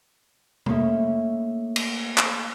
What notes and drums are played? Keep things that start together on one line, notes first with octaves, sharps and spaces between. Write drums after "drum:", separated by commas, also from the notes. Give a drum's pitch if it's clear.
A3 A#3 C#4 D#4 E5, drum: tom
drum: cymbal
drum: clap